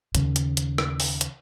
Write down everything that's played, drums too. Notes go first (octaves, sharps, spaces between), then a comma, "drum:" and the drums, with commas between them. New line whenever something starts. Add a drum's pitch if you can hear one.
D#2 C#3, drum: hi-hat
drum: hi-hat
drum: hi-hat
drum: rim click
drum: open hi-hat
drum: hi-hat